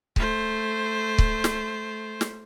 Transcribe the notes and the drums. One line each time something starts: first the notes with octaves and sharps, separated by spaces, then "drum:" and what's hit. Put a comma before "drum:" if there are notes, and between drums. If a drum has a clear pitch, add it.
A3 C5, drum: kick C#1
drum: kick C#1
drum: snare
drum: snare